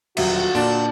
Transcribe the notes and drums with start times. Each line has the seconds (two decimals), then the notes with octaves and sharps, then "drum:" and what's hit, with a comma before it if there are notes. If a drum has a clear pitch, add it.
0.17 D#1 D3 F#3 F4 F#4 E5, drum: cymbal
0.55 A#2 D4